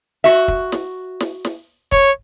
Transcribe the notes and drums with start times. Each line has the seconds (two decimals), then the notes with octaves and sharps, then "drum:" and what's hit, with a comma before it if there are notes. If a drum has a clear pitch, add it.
0.24 F#4 E5
0.48 drum: kick
0.72 drum: snare
1.20 drum: snare
1.45 drum: snare
1.92 C#5, drum: kick